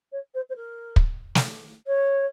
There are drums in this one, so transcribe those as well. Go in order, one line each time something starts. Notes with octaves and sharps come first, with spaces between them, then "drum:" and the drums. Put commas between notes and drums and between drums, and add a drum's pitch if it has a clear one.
C#5
C5
C5
A#4
drum: kick
drum: snare
C#5